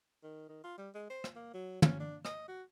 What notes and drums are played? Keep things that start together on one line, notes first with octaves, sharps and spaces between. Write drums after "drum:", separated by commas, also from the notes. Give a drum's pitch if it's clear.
D#3
D#3
F4
G3
G#3
C5
drum: rim click
A#3
F#3
C#4, drum: tom
D4
D#5, drum: rim click
F#4